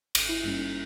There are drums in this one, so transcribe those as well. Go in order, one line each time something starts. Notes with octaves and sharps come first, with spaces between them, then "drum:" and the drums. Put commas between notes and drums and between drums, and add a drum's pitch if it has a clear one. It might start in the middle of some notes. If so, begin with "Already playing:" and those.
G#1, drum: cymbal
E4
G2 G3 A#3 C#4 E4
D#4